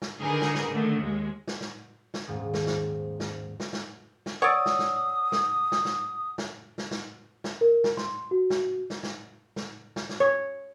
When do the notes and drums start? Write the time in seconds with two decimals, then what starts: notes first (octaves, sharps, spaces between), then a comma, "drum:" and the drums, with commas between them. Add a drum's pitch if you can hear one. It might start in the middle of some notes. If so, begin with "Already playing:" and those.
0.02 drum: snare
0.20 D3 D#3 D#4 G#4 A#4 B4
0.41 drum: snare
0.55 drum: snare
0.70 D3 D#3 A3
1.01 D#2 G#3
1.48 drum: snare
1.61 drum: snare
2.14 drum: snare
2.27 D#1 G#2 F3
2.54 drum: snare
2.67 drum: snare
3.20 drum: snare
3.60 drum: snare
3.73 drum: snare
4.26 drum: snare
4.42 C#5 D5 F#5 D#6 E6
4.66 drum: snare
4.79 drum: snare
5.32 drum: snare
5.72 drum: snare
5.85 drum: snare
6.38 drum: snare
6.78 drum: snare
6.91 drum: snare
7.44 drum: snare
7.61 A#4
7.84 drum: snare
7.97 C6, drum: snare
8.31 F#4
8.50 drum: snare
8.90 drum: snare
9.03 drum: snare
9.56 drum: snare
9.96 drum: snare
10.09 drum: snare
10.20 C#5